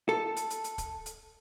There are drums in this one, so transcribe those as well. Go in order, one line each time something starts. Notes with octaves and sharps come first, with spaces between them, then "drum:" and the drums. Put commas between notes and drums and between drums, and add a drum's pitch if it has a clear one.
A4
drum: hi-hat
drum: hi-hat
drum: hi-hat
drum: kick, hi-hat
drum: hi-hat